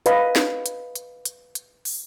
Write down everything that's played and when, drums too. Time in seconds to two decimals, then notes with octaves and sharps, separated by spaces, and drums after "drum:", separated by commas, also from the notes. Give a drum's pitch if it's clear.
0.06 B4 D#5 F5 B5, drum: hi-hat
0.36 drum: snare
0.66 drum: hi-hat
0.96 drum: hi-hat
1.25 drum: hi-hat
1.55 drum: hi-hat
1.85 drum: open hi-hat